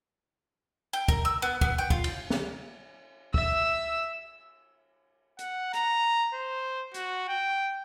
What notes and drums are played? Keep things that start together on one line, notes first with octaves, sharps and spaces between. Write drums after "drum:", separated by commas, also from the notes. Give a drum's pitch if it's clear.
G5
A#4, drum: kick
E6
B3
B3, drum: kick
G5
F4, drum: kick
drum: cymbal
drum: snare
E5 E6, drum: kick
F#5, drum: hi-hat
A#5, drum: hi-hat
C5
F#4, drum: hi-hat
G5